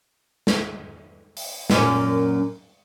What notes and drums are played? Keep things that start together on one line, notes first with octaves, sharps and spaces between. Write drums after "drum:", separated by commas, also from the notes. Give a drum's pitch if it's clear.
drum: snare
drum: open hi-hat
F#2 A#2 C#4, drum: snare